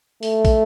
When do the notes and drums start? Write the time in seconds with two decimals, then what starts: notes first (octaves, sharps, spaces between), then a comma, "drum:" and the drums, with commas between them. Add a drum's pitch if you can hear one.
0.23 A3, drum: open hi-hat
0.45 drum: kick, open hi-hat